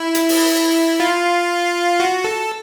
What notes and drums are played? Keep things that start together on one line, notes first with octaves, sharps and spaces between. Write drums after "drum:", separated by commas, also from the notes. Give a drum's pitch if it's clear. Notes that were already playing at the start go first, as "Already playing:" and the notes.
Already playing: E4
drum: hi-hat
drum: open hi-hat
F4
F#4
A4